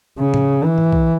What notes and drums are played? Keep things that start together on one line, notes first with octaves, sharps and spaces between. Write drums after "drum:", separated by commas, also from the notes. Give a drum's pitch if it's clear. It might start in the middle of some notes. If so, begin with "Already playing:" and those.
C#3
drum: tom A2
E3
drum: tom G#2
drum: kick